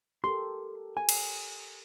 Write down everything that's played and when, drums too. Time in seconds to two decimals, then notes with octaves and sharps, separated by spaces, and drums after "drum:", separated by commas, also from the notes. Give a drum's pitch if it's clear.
0.24 G4 A4 A#4 C6
0.97 G#5
1.09 drum: cymbal